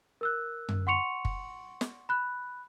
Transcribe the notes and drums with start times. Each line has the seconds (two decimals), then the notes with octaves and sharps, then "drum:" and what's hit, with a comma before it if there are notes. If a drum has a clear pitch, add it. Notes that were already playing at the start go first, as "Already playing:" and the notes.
0.21 A#4 E6 F#6
0.69 drum: tom F#2
0.87 F#5 C6 C#6 C#7 F7
1.25 drum: kick
1.81 drum: snare
2.09 B5 F#6